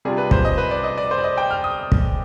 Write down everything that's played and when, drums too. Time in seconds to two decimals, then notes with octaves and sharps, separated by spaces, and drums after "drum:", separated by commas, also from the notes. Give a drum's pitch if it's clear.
0.05 C3 G3 D4 F4 G#4
0.18 B4
0.31 C5, drum: kick
0.45 D#5
0.58 B4
0.71 D5
0.84 D#5
0.98 D5
1.11 C5
1.18 D5
1.24 D#5
1.38 G5
1.51 F6
1.64 D#6
1.92 drum: kick